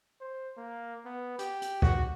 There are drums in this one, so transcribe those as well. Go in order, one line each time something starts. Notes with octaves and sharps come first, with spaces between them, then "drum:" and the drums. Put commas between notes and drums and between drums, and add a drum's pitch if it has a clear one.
C5
A#3
B3
G4, drum: hi-hat
drum: hi-hat
F#4, drum: kick C2